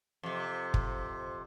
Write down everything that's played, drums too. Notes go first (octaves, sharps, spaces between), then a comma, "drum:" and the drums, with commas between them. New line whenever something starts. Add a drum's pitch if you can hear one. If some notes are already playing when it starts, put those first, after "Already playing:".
F2 C3
drum: kick